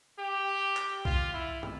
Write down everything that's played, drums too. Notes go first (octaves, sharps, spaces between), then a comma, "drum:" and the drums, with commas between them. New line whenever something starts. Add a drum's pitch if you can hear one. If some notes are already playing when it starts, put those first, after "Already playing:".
G4
drum: clap
F4, drum: kick B1
E4
drum: tom